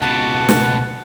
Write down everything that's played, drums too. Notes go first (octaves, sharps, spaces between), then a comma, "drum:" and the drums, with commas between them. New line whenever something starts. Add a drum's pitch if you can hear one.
C#2 B2 F#5 A5
drum: snare